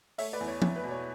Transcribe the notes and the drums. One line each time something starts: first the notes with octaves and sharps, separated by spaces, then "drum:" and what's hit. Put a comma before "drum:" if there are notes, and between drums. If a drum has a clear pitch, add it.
A3 C#5 E5, drum: open hi-hat
B4 D5
E2
C#5
E2 C#5, drum: tom
B4
B2
C#5